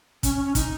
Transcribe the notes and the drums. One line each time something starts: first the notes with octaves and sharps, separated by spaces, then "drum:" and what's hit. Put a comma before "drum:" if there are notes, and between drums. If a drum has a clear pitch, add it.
C#4, drum: kick, hi-hat
C#4
C#4
D#4, drum: kick, hi-hat